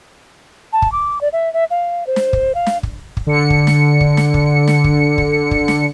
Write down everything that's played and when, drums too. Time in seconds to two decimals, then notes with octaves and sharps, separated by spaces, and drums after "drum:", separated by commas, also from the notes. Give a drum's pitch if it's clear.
0.73 A5
0.82 drum: kick
0.92 D6
1.21 D5
1.32 E5
1.53 E5
1.70 F5
2.07 C5
2.16 drum: snare
2.33 drum: kick
2.55 F5
2.66 drum: snare
2.83 drum: kick
3.17 drum: kick
3.27 D3 C#7
3.50 drum: kick
3.67 drum: snare
4.00 drum: kick
4.17 drum: snare
4.34 drum: kick
4.67 drum: snare
4.84 drum: kick
5.18 drum: kick
5.51 drum: kick
5.68 drum: snare